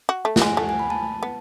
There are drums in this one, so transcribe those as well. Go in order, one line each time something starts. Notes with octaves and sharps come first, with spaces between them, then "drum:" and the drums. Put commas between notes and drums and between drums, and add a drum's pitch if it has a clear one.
F#4
A3
F#5, drum: snare
G#3
G#5
A3 F#5
G#5
B5
A5
B3